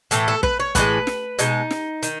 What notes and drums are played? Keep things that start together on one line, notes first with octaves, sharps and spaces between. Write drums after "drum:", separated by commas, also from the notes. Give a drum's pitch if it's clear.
A2 E3 A3 A4, drum: hi-hat
A4
B4, drum: kick
C#5
A2 E3 G#3 B4, drum: kick, hi-hat
drum: snare
B2 G#3 D#4, drum: hi-hat
drum: snare
D#3, drum: hi-hat